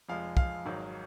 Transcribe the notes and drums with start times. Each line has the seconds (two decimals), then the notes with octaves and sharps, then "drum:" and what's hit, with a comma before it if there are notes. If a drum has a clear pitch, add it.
0.09 F1 F2 F3 G#3 F5
0.37 F5, drum: kick
0.65 G#1 G#2 D#3 F#3